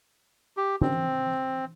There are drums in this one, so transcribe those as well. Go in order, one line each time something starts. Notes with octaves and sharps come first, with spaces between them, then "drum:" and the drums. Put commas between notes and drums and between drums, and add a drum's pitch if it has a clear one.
G4
C4, drum: tom